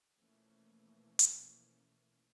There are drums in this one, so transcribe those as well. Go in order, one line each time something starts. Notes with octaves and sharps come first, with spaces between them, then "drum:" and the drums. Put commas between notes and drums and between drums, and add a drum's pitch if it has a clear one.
B2 E3 F3 A3 A#3 C#4
drum: hi-hat